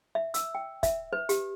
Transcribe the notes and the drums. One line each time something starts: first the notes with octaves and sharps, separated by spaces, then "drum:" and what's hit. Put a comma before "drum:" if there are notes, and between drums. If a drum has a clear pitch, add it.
E5
E6, drum: hi-hat
G5
E5, drum: kick, hi-hat
B4
G4, drum: hi-hat